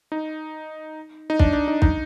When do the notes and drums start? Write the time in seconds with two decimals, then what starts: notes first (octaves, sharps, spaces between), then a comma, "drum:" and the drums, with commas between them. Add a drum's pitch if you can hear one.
0.12 D#4
1.30 D#4
1.39 D4, drum: kick
1.53 D4
1.68 D#4
1.82 D#4, drum: kick